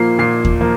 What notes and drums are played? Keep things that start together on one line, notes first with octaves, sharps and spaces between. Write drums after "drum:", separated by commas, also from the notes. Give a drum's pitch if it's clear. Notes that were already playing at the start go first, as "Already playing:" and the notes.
Already playing: A#2 F3 A#3 C7
A#2 C7
drum: kick D#2
F3 A#3